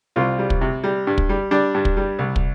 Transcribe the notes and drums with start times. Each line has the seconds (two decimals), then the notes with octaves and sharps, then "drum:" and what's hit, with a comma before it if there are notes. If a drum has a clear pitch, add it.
0.16 C2 C4 F4
0.39 G3
0.50 drum: kick
0.61 C3
0.84 G3
1.07 G2
1.18 drum: kick
1.29 G3
1.51 G3 D4
1.74 G2
1.85 drum: kick
1.97 G3
2.19 C2
2.36 drum: kick